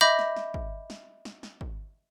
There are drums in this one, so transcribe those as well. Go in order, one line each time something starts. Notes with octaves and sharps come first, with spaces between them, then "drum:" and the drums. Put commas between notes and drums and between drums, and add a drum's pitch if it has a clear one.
D#5 E5 B5 D6 G6 A#6
drum: snare
drum: snare
drum: kick
drum: snare
drum: snare
drum: snare
drum: kick